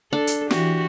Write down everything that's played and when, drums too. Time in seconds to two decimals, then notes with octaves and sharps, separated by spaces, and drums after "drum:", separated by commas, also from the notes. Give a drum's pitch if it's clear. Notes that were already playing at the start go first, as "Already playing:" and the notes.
0.13 D4 A4
0.27 drum: hi-hat
0.51 E3 F#4 G4, drum: snare